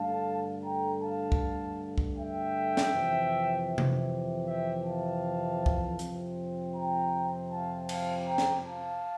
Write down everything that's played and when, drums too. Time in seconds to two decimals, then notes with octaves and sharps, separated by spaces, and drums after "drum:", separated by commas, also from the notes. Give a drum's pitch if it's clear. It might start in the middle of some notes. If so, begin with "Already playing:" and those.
Already playing: G2 D3 A3 F5 A5
0.65 G5 A#5
1.03 F5 A5
1.32 drum: kick C2
1.98 drum: kick C2
2.17 E5 G5
2.77 drum: snare
2.93 F2 C3 E3
3.78 drum: tom C3
4.46 E5 G5
4.84 F5 A5
5.66 drum: kick C2
5.99 F2 C3 F3 C4, drum: hi-hat
6.75 G5 A#5
7.51 F5 A5
7.89 F5 A5, drum: cymbal
8.27 G5 A#5
8.38 drum: snare
8.65 F5 A5